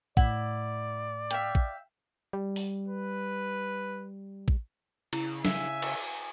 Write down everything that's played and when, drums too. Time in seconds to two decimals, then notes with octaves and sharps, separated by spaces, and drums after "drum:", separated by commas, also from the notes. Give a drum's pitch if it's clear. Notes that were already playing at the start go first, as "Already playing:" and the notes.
0.17 A2 E4 D5 F#5, drum: kick A1
1.31 E5 F5 G5, drum: hi-hat
1.55 drum: kick A1
2.33 G3
2.56 drum: open hi-hat
2.88 B4
4.48 drum: kick A1
5.13 C#3 E4, drum: cymbal
5.45 E5 G#5, drum: snare
5.82 drum: cymbal